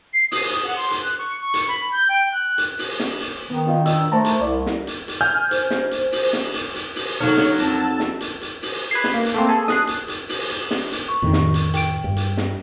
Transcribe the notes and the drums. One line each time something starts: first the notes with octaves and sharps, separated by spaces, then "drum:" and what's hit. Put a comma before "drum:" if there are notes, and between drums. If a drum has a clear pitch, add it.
C7
D#6, drum: open hi-hat
drum: hi-hat
F#5
C6
drum: hi-hat
F#6
C#6
C#6
drum: hi-hat
B5
G6
G5
F#6
drum: hi-hat
drum: open hi-hat
drum: snare
drum: hi-hat
D#3 B3
D4 F4 D#5
D4 E6, drum: hi-hat
A3 C5 A5 A#5
drum: hi-hat
C2 D5
drum: snare
drum: hi-hat
drum: hi-hat
G#5 F6 G6
C5, drum: hi-hat
drum: snare
drum: hi-hat
drum: open hi-hat
drum: snare
drum: hi-hat
drum: hi-hat
drum: open hi-hat
D3 F#3 D#4 F#4 A4 A#4 C#5
drum: snare
F2 A5 E6, drum: hi-hat
drum: snare
drum: hi-hat
drum: hi-hat
drum: open hi-hat
B4 G#6 C7
drum: snare
A#3
drum: hi-hat
A3 A#3 C4
G#4 A4
D#6 F#6 C7, drum: snare
drum: hi-hat
drum: hi-hat
drum: open hi-hat
drum: hi-hat
drum: snare
drum: hi-hat
C#6
F2 A2 D#3
drum: snare
drum: hi-hat
G5 D7, drum: hi-hat
G2
drum: hi-hat
drum: snare